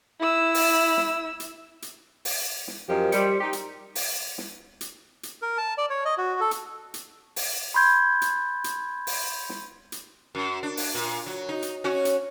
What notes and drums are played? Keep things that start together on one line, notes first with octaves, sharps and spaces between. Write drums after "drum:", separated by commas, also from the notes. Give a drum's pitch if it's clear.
E4 E6
drum: open hi-hat
drum: snare
drum: hi-hat
drum: hi-hat
drum: open hi-hat
drum: snare
F#2 F3 G4 A#4 C5 D#5
G3 C6 C#7, drum: hi-hat
D#4 G4
drum: hi-hat
drum: open hi-hat
drum: snare
drum: hi-hat
drum: hi-hat
A#4
A5
D5
C#5
D#5
F#4
A4
drum: hi-hat
drum: hi-hat
drum: open hi-hat
B5 C6 G6 G#6
drum: hi-hat
drum: hi-hat
drum: open hi-hat
drum: snare
drum: hi-hat
F#2
D4
drum: open hi-hat
A#2
F#3
D#4
drum: hi-hat
C#4 F#4
drum: hi-hat